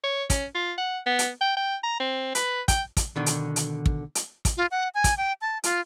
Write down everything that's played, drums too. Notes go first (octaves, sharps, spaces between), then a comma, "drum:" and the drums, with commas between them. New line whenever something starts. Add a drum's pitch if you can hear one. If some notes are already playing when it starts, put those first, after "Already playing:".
C#5
C#4, drum: kick, hi-hat
F4
F#5
B3
drum: hi-hat
G5
G5
A#5
C4
B4, drum: hi-hat
G5, drum: kick, hi-hat
drum: kick, hi-hat
B2 D3 D#3
drum: hi-hat
drum: hi-hat
drum: kick
drum: hi-hat
drum: kick, hi-hat
F4
F#5
G#5
drum: kick, hi-hat
G5
A5
F4, drum: hi-hat